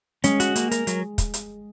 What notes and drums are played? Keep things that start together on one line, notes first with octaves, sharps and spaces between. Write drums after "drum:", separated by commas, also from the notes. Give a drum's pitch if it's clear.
G#3 C#4, drum: hi-hat
F#4, drum: hi-hat
A#3, drum: hi-hat
A#4, drum: hi-hat
F#3, drum: hi-hat
drum: kick, hi-hat
drum: hi-hat